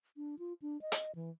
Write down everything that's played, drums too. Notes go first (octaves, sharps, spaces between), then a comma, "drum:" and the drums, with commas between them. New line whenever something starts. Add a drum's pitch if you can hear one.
D4
F4
D4
D#5
drum: hi-hat
E3